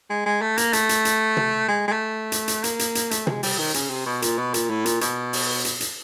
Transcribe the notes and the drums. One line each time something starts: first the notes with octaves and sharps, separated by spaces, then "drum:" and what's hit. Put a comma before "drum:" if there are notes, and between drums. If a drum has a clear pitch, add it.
G#3
G#3
A3
A#3, drum: hi-hat
A3, drum: hi-hat
drum: hi-hat
drum: hi-hat
drum: tom
G#3
G#3
A3
drum: hi-hat
drum: hi-hat
A#3, drum: hi-hat
drum: hi-hat
drum: hi-hat
A3, drum: hi-hat
G#3, drum: tom
G3, drum: open hi-hat
D#3
C#3, drum: hi-hat
C3
B2
A#2, drum: hi-hat
B2
A#2, drum: hi-hat
A2
A#2, drum: hi-hat
B2, drum: hi-hat
drum: open hi-hat
drum: hi-hat
drum: hi-hat